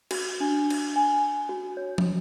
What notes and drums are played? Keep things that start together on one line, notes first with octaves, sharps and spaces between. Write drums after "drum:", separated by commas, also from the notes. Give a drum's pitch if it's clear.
F#4, drum: cymbal
D4
drum: cymbal
G#5
F#4
C#5
drum: tom